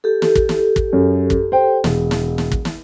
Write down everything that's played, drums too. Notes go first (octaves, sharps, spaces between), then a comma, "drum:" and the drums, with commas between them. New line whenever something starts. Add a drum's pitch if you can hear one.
G4 A4
drum: snare
drum: kick
drum: snare
drum: kick
F#2
drum: kick
C5 G5
E1, drum: snare
drum: snare
drum: snare
drum: kick
drum: snare